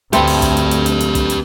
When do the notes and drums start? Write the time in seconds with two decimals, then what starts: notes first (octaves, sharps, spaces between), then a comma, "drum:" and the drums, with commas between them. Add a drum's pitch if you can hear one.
0.13 D2 A3 C4 G4 B4, drum: hi-hat
0.27 drum: open hi-hat
0.42 drum: kick, hi-hat
0.57 drum: hi-hat
0.71 drum: hi-hat
0.86 drum: hi-hat
1.00 drum: hi-hat
1.15 drum: kick, hi-hat
1.30 drum: hi-hat